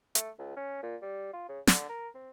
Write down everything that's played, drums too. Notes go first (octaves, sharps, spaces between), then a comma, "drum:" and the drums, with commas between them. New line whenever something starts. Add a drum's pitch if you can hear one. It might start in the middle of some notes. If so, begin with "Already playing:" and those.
A3, drum: hi-hat
C#2
C#4
A#2
G3
F4
C#3
D3, drum: snare
A#4
C4